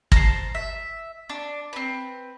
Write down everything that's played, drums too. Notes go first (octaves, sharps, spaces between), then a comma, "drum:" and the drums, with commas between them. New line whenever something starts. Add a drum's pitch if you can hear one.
C5 A5 A#5, drum: kick
E5
D4
C4 B4